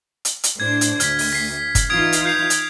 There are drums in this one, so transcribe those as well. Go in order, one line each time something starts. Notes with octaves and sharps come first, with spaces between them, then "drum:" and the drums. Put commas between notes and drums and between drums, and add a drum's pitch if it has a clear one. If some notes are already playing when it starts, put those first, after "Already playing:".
drum: hi-hat
drum: hi-hat
A2 D4 C5 G#6
drum: hi-hat
D2 F6 B6, drum: hi-hat
drum: open hi-hat
B6 C7
drum: kick F#1, hi-hat
E3 D#4 F4 D#6 G#6 D7
drum: hi-hat
G6 C7 F7
drum: hi-hat